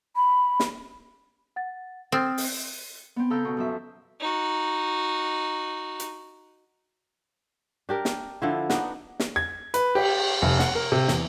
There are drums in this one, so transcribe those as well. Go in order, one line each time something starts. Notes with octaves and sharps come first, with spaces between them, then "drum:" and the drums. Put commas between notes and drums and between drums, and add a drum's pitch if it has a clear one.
B5
drum: snare
F#5 A6
C4 D#6 F6 A6
drum: open hi-hat
B3 C4
C#3 A4 F5 A#5 E6 G6
B2 C#6
F#2 F3 E5
D#4 F#4
drum: hi-hat
D4 G4 A#4
drum: snare
D3 F3 E4
B3 D4 D#4 F#5, drum: snare
drum: snare
G#6
B4, drum: hi-hat
G4, drum: cymbal
F1
F#5, drum: snare
A#4
C3
E2, drum: snare